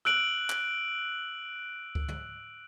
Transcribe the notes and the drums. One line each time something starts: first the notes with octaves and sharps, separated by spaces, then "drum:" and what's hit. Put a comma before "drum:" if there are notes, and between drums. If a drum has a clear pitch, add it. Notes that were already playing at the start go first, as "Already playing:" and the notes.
E6 F#6 D7 F#7, drum: rim click
drum: clap
drum: kick C#2
drum: tom